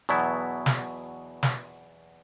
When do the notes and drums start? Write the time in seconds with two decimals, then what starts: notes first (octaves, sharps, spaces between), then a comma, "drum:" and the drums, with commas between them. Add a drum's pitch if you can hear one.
0.09 E2 B2 F#3 B3 E4
0.66 drum: snare
1.43 drum: snare